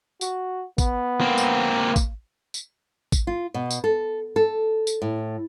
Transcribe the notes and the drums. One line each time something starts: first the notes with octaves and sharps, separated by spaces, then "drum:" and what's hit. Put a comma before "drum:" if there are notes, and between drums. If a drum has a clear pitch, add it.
F#4, drum: tambourine
B3, drum: kick, tambourine
A#3 C4
drum: tambourine
drum: kick, tambourine
drum: tambourine
drum: kick, tambourine
F4
B2
drum: tambourine
A4
A4
drum: tambourine
A2